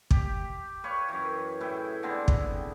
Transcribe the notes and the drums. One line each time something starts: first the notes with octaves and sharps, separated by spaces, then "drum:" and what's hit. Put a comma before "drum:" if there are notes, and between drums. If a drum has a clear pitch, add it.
G4, drum: kick
B4 C#5 F5 C#6
F#2 E3
A2 E4 G#4 G5
D3 G#3 B3 C4
drum: kick